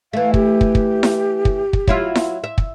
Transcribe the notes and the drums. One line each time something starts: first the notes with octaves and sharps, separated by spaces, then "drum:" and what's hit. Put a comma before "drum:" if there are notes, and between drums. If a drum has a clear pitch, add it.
E3 A3 F5
G4, drum: kick
drum: kick
drum: kick
drum: snare E4
drum: kick
drum: kick
F#3 E4 F4, drum: kick
drum: snare E4
E5
drum: kick